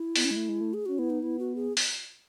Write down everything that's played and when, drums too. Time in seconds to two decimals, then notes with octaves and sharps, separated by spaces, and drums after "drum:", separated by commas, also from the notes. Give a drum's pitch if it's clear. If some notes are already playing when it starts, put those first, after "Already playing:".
Already playing: E4
0.16 B3, drum: open hi-hat
0.25 C#4
0.31 G#3
0.36 A3
0.49 G#3
0.61 A3
0.74 G#4
0.86 C#4 F#4
0.98 B3 E4
1.10 D#4
1.23 B3 E4
1.39 F#4
1.56 G#4
1.77 drum: open hi-hat